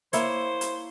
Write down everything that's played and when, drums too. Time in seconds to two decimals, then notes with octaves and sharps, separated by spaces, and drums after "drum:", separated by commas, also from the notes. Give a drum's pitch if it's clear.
0.13 A#3 E4 C5 C#5, drum: hi-hat
0.61 drum: hi-hat